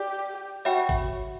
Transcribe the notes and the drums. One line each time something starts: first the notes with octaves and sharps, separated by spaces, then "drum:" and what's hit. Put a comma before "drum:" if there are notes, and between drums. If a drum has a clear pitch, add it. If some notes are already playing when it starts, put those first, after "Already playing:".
Already playing: G4 D5
F#4 C#5 E5 G5 B5
drum: kick